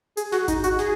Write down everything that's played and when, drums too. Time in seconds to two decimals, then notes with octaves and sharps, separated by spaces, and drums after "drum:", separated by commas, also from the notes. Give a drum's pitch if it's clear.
0.17 G#4, drum: hi-hat
0.32 F#4, drum: snare
0.48 D#4, drum: kick G#1, hi-hat
0.64 F#4, drum: hi-hat
0.79 G#4, drum: snare